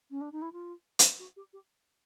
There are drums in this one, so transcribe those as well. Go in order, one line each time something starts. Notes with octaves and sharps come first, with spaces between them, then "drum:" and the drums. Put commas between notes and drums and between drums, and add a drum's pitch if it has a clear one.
C#4
D4
D#4
E4
F4
drum: hi-hat
F#4
G4
G4